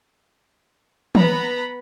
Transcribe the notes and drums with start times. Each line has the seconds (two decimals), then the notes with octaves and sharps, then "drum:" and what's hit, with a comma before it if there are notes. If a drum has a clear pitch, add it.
1.15 B3 B4 A#5 B5, drum: tom